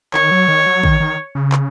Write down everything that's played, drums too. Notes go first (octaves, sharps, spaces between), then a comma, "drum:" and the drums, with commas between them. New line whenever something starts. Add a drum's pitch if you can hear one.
D#3 C#5, drum: clap
F#3
D#3
F#3
D#3, drum: kick
D#3
C#3
drum: clap